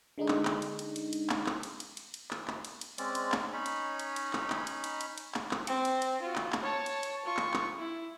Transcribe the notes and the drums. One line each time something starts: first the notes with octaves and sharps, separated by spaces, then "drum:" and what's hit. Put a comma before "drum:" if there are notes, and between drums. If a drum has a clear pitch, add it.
D3 G#3 D4 D#4
drum: clap
drum: clap
drum: cymbal
drum: cymbal
drum: cymbal
drum: cymbal
drum: clap
drum: clap
drum: cymbal
drum: cymbal
drum: cymbal
drum: cymbal
drum: clap
drum: clap
drum: cymbal
drum: cymbal
G#3 C4 C#4 D5, drum: cymbal
drum: cymbal
drum: clap
C#4 D#4 C#5 B5
drum: cymbal
drum: cymbal
drum: cymbal
drum: clap
drum: clap
drum: cymbal
drum: cymbal
drum: cymbal
drum: cymbal
drum: clap
drum: clap
C4, drum: cymbal
drum: cymbal
drum: cymbal
F4 F#4
drum: clap
drum: clap
C#5 A5
drum: cymbal
drum: cymbal
F4 C#6
drum: clap
drum: clap
E4